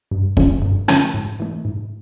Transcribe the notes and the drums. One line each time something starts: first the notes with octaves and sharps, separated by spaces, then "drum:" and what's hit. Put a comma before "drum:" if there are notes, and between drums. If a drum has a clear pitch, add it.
G2
D3 F3 A3 C#4, drum: kick
G2
D3 F3 A3 C#4, drum: rim click
G#2
E3 A3
G#2